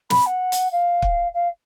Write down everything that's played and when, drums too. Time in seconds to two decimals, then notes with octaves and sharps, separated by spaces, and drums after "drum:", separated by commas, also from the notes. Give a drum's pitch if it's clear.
0.10 B5, drum: snare
0.26 F#5
0.52 drum: hi-hat
0.72 F5
1.02 drum: kick
1.34 F5